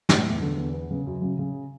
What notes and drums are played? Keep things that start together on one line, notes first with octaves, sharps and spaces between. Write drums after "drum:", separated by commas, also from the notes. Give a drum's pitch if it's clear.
A2, drum: snare
E2
D3
E2
B3
C#3
F#2
C#3
C#3